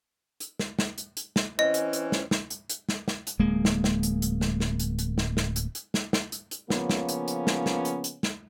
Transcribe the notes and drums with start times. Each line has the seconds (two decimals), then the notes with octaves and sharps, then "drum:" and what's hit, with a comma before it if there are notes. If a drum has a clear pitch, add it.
0.40 drum: hi-hat
0.59 drum: snare
0.79 drum: snare
0.98 drum: hi-hat
1.17 drum: hi-hat
1.36 drum: snare
1.59 E3 C4 C#4 D#5
1.74 drum: hi-hat
1.93 drum: hi-hat
2.12 drum: snare
2.31 drum: snare
2.50 drum: hi-hat
2.69 drum: hi-hat
2.89 drum: snare
3.08 drum: snare
3.27 drum: hi-hat
3.39 D1 G#3 A#3
3.65 drum: snare
3.84 drum: snare
4.03 drum: hi-hat
4.22 drum: hi-hat
4.41 drum: snare
4.60 drum: snare
4.79 drum: hi-hat
4.99 drum: hi-hat
5.18 drum: snare
5.37 drum: snare
5.56 drum: hi-hat
5.75 drum: hi-hat
5.94 drum: snare
6.13 drum: snare
6.32 drum: hi-hat
6.51 drum: hi-hat
6.70 C#3 F3 A#3 B3 C#4, drum: snare
6.90 drum: snare
7.09 drum: hi-hat
7.28 drum: hi-hat
7.47 drum: snare
7.66 drum: snare
7.85 drum: hi-hat
8.04 drum: hi-hat
8.23 drum: snare